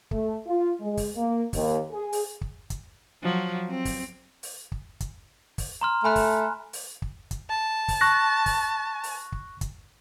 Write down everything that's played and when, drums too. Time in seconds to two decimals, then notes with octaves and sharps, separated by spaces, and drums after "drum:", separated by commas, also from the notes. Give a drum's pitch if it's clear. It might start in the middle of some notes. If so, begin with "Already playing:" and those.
0.11 A3, drum: kick
0.47 F4
0.81 G#3
0.97 drum: kick, open hi-hat
1.15 A#3
1.53 D#2, drum: kick, open hi-hat
1.91 G#4
2.13 drum: open hi-hat
2.41 drum: kick
2.70 drum: kick, hi-hat
3.23 F3 F#3
3.70 C4
3.85 drum: kick, open hi-hat
4.43 drum: open hi-hat
4.72 drum: kick
5.00 drum: kick, hi-hat
5.58 drum: kick, open hi-hat
5.81 A#5 C6 F6
6.04 A3 G#5 B5 F#6
6.16 drum: kick, open hi-hat
6.73 drum: open hi-hat
7.02 drum: kick
7.31 drum: kick, hi-hat
7.50 A5
7.88 drum: kick, open hi-hat
8.01 C#6 F#6 A#6
8.46 drum: kick, open hi-hat
9.04 drum: open hi-hat
9.32 drum: kick
9.61 drum: kick, hi-hat